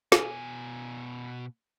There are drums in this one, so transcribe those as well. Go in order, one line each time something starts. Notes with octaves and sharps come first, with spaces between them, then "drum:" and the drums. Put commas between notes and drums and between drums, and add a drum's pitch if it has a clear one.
B2 G#5, drum: snare